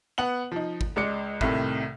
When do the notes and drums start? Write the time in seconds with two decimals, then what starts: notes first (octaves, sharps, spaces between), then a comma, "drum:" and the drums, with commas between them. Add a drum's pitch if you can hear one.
0.18 B3 F#5 F#7
0.52 F3 D#4
0.81 drum: kick
0.96 C#2 G#3 D5 C#7
1.41 C2 A2 C3 D#3, drum: kick